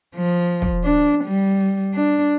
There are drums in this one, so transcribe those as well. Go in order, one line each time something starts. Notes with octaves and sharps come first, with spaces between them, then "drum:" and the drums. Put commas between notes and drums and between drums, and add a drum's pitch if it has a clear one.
F3
drum: kick
D4
G3
D4